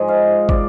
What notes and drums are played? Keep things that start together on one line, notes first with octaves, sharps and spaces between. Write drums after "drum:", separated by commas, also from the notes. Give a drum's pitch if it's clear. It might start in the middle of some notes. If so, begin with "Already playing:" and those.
Already playing: G#2 F3 G#3 D#5
F5
D5, drum: kick